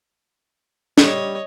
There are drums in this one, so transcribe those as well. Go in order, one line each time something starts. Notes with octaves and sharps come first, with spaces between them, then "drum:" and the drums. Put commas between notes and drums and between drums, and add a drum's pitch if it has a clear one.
G3 C#5 D#5, drum: snare